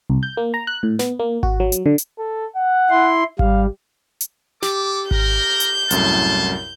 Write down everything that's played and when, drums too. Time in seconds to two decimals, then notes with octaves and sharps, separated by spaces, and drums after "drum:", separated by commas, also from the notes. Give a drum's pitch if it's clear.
0.10 C2
0.23 G6
0.37 A#3
0.54 A#5
0.67 F#6
0.83 A2
0.99 B3, drum: snare
1.19 A#3
1.43 F#4, drum: kick G#1
1.60 F#3
1.72 drum: hi-hat
1.86 D3
1.98 drum: hi-hat
2.18 A4
2.56 F#5
2.90 E4 C6
3.39 G3 F5, drum: kick G#1
4.21 drum: hi-hat
4.62 G4 A4 D6, drum: snare
5.11 A#4 G6, drum: kick G#1
5.60 drum: hi-hat
5.91 C2 F#2 A2 F5 A5, drum: hi-hat